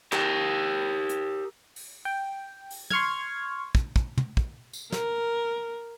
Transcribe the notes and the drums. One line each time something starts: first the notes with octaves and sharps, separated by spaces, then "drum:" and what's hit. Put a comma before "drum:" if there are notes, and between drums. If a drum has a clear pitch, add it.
G4 A#4, drum: clap
drum: hi-hat
drum: open hi-hat
G5
drum: open hi-hat
C6 C#6 F6 G#6, drum: tom
drum: kick
drum: kick
drum: tom
drum: kick
drum: tambourine
A#4, drum: snare